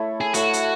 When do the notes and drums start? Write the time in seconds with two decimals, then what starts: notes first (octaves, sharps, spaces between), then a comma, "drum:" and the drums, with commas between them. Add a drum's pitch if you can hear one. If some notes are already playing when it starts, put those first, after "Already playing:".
Already playing: A3 E4 A4 C#5
0.21 G#4
0.34 A3 E4 F#4 A4 C#5, drum: hi-hat
0.53 drum: hi-hat